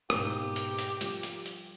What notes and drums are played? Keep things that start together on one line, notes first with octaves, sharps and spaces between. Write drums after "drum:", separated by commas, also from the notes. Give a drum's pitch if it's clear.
G#2 B2 A#3 G4, drum: rim click
drum: hi-hat
drum: hi-hat
F3 G3, drum: hi-hat
drum: hi-hat
drum: hi-hat